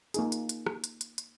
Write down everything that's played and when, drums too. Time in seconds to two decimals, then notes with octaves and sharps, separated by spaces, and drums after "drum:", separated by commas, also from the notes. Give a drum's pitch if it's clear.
0.14 A#3 D#4 G#4, drum: hi-hat
0.32 drum: hi-hat
0.49 drum: hi-hat
0.66 drum: rim click
0.84 drum: hi-hat
1.01 drum: hi-hat
1.18 drum: hi-hat